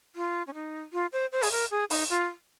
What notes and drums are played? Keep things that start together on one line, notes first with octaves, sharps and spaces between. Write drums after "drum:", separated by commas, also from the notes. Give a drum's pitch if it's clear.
F4
C#4
D#4
F4
C5
C5
G#4, drum: open hi-hat
A#4
G#4
D#4, drum: open hi-hat
F4